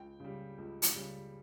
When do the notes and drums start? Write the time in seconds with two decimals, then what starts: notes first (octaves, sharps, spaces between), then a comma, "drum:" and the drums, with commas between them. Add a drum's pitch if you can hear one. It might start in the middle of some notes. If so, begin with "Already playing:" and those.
Already playing: C#2 G5
0.20 C#3 G3
0.58 C#2
0.82 drum: hi-hat
0.94 C#3 G3